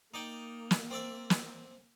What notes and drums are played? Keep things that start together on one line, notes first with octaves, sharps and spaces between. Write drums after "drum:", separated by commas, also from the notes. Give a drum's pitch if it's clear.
A#3 D#4 D5 G5
drum: snare
C4 D5 E5
drum: snare